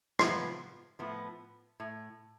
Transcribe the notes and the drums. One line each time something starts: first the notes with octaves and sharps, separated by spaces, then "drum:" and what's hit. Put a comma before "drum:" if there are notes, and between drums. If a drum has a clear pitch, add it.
A2 F3 B3, drum: rim click
A2 F3 B3
A2